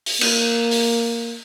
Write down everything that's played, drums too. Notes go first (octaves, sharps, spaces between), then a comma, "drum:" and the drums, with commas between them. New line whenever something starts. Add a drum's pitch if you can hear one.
drum: open hi-hat
A#3, drum: cymbal
drum: open hi-hat